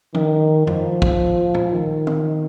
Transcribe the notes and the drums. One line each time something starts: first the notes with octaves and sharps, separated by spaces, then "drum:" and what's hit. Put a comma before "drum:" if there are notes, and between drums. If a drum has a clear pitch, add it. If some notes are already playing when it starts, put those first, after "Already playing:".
D#3, drum: tom F3
F3, drum: tom F2
drum: kick
drum: tom
D#3
drum: tom